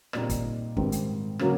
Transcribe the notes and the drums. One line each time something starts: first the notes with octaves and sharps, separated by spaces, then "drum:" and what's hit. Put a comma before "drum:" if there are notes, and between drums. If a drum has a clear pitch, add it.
A#2 G3 C4 D#4 D5, drum: rim click
drum: kick, hi-hat
G#2 D#3 G3 C4, drum: kick
drum: hi-hat
C#3 F#3 A#3, drum: rim click